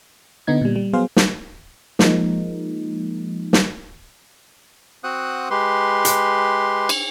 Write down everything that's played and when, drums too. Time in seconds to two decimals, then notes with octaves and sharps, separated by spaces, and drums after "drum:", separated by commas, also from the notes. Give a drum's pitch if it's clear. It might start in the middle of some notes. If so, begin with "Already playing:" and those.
0.47 D3 B3 D#4 G#6
0.61 A#2 G3
0.76 G3
0.93 F#3 B3 G#4 C5 F5
1.16 drum: snare
1.99 F3 G#3 A#3 D#4, drum: snare
3.53 drum: snare
5.04 C4 F#4 C5 F#5 D#6 F#6
5.50 G#3 G4 B4 C6
6.05 drum: hi-hat
6.89 drum: cymbal